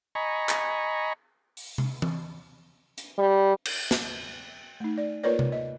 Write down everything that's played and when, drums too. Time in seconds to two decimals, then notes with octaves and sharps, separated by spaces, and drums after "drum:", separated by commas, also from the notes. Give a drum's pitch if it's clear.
0.15 D#5 G#5 A#5 B5 C#6
0.49 drum: clap
1.57 drum: open hi-hat
1.78 drum: tom C3
2.02 drum: tom E3
2.98 drum: hi-hat
3.19 G3
3.65 drum: cymbal
3.91 drum: snare
4.80 A3 D#4
4.98 D5
5.23 A#3 F4 A#4 B4 C#5 D5
5.39 drum: tom C3
5.52 D#5